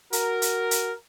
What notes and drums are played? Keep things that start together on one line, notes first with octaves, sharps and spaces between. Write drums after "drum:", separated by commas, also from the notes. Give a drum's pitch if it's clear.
F#4 A#4, drum: hi-hat
drum: hi-hat
drum: hi-hat